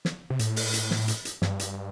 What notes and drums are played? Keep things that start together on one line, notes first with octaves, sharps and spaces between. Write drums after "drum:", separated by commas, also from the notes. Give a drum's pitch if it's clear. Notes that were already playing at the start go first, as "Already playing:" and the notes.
drum: snare
C3
A2, drum: hi-hat
drum: open hi-hat
drum: hi-hat
drum: snare
drum: hi-hat
drum: hi-hat
G2, drum: snare
drum: hi-hat